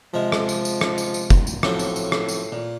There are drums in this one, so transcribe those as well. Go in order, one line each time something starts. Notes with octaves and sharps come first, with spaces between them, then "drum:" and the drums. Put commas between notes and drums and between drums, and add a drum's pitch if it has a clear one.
C3 F3 G#3 A#4
drum: rim click
drum: tambourine
drum: tambourine
drum: rim click
drum: tambourine
drum: tambourine
drum: kick, tambourine
drum: tambourine
A2 F3 F#3 C4, drum: rim click
drum: tambourine
drum: tambourine
drum: rim click
drum: tambourine
A#2